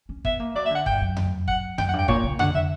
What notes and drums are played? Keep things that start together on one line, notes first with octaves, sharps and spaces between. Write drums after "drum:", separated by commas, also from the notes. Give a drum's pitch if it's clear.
C#4
B3 E5, drum: kick
A#3
F#3 D5
E5
D3 F#5
G2 G5, drum: kick
F#2
drum: tom F2
F#5, drum: kick
F#2 G5, drum: tom F2
F#5
G2
G5
A#2 C#5, drum: kick
C#3
D3 F#5, drum: tom F2
D3 E5